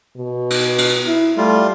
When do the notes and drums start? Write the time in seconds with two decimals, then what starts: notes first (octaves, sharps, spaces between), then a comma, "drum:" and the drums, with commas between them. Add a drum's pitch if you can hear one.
0.17 B2
0.50 drum: cymbal
0.78 drum: cymbal
1.06 E4
1.38 G3 A3 F4